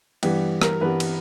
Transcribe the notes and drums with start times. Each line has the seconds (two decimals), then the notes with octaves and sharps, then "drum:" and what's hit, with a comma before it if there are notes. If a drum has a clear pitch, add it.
0.23 G2 E3 G3 B3 G4, drum: cymbal
0.62 A#4, drum: rim click
0.81 G2 E3 G3 B3 B4
1.00 drum: cymbal